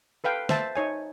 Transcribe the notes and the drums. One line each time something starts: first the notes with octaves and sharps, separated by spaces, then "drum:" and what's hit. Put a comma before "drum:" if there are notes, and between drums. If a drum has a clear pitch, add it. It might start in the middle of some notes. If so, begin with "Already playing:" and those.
A4 B4 F5 G5
C5 E5 A5, drum: snare
D#4 C#5 G#5